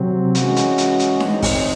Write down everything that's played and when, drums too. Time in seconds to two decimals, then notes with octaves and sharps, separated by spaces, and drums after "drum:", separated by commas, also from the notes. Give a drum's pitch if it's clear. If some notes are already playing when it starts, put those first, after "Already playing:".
Already playing: C3 F#3 C4
0.35 E3 G#3 C#4 F#4, drum: hi-hat
0.56 drum: hi-hat
0.78 drum: hi-hat
0.99 drum: hi-hat
1.20 E3 C4 D#4, drum: snare D4
1.42 drum: kick, open hi-hat